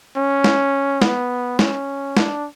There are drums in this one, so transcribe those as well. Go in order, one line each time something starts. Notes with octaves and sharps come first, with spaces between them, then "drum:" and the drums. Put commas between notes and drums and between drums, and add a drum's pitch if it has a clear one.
C#4
drum: snare
B3, drum: snare
C#4, drum: snare
D4, drum: snare